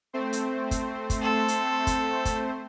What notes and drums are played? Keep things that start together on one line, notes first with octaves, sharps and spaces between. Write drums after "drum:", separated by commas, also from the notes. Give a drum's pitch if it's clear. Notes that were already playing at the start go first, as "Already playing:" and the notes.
A3 C4 C5
drum: hi-hat
drum: kick, hi-hat
drum: kick, hi-hat
A4
drum: hi-hat
drum: kick, hi-hat
drum: kick, hi-hat